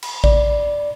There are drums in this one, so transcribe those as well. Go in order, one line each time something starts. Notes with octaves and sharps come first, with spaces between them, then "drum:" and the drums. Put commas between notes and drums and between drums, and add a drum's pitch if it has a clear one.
drum: cymbal
D5, drum: kick A1